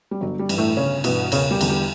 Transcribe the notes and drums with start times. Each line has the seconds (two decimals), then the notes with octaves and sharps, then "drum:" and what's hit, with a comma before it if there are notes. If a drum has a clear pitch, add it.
0.11 G3
0.21 G1 F#3
0.39 G3
0.49 G2 E3, drum: cymbal
0.58 A2 A3
0.77 G1 C#3 C#4
1.04 G2 B2 E3 B3, drum: cymbal
1.32 E1 C#3 C#4, drum: cymbal
1.51 G3 G4
1.61 E2 D3, drum: cymbal
1.69 G3 G4